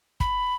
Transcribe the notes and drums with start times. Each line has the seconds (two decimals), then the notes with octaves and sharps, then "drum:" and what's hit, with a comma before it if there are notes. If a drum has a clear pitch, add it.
0.20 B5, drum: kick